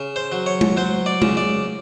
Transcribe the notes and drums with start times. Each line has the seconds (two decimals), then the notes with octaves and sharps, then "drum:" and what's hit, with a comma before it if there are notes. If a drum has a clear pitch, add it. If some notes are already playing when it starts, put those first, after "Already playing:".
Already playing: C#3
0.16 C5
0.32 F#3
0.46 C#5
0.61 drum: tom G#3
0.77 F#3 C5
1.06 D5
1.22 C#3, drum: tom G#3
1.37 D5